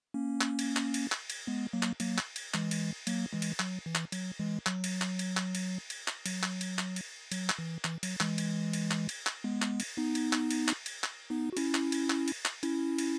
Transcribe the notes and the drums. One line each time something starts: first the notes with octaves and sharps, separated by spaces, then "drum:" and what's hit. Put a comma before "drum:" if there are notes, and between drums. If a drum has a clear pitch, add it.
A#3 C#4
drum: clap
drum: cymbal
drum: clap
drum: cymbal
drum: clap
drum: cymbal
G#3 B3
F#3 A#3
drum: clap
F#3 A#3, drum: cymbal
drum: clap
drum: cymbal
E3 G#3, drum: clap
drum: cymbal
F#3 A#3, drum: cymbal
E3 G#3
drum: cymbal
F#3, drum: clap
E3
drum: clap
F#3, drum: cymbal
E3 G#3
F#3, drum: clap
drum: cymbal
drum: clap
drum: cymbal
drum: clap
drum: cymbal
drum: cymbal
drum: clap
F#3, drum: cymbal
drum: clap
drum: cymbal
drum: clap
drum: cymbal
F#3, drum: cymbal
drum: clap
E3
E3, drum: clap
F#3, drum: cymbal
E3 G#3, drum: clap
drum: cymbal
drum: cymbal
drum: clap
drum: cymbal
drum: clap
G#3 B3
drum: clap
drum: cymbal
B3 D#4
drum: cymbal
drum: clap
drum: cymbal
drum: clap
drum: cymbal
drum: clap
B3 D#4
F#4
C#4 E4, drum: cymbal
drum: clap
drum: cymbal
drum: clap
drum: cymbal
drum: clap
C#4 E4, drum: cymbal
drum: cymbal